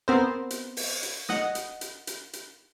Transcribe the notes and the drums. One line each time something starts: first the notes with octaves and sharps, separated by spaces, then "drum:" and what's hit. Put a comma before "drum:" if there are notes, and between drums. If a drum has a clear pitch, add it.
B3 C4 A#4 C5
drum: hi-hat
drum: open hi-hat
drum: hi-hat
D#5 F#5, drum: snare
drum: hi-hat
drum: hi-hat
drum: hi-hat
drum: hi-hat